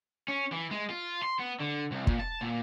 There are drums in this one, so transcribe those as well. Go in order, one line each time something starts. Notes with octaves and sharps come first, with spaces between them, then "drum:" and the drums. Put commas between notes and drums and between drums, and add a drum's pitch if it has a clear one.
C#4
E3
G#3
F4
C6
B3
D3
C2
A#2, drum: kick
A5
A#2